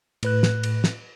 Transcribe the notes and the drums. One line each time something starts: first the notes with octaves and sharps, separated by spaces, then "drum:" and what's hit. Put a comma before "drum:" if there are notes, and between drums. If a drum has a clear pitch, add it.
A2 B4 F#6, drum: cymbal
drum: snare
drum: cymbal
drum: snare